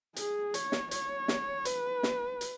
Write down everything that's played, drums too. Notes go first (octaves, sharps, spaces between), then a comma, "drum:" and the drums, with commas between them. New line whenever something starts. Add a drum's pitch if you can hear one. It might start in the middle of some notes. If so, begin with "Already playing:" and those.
G#4, drum: hi-hat
C#5, drum: hi-hat
drum: snare
C#5, drum: hi-hat
drum: snare
B4, drum: hi-hat
drum: snare
drum: hi-hat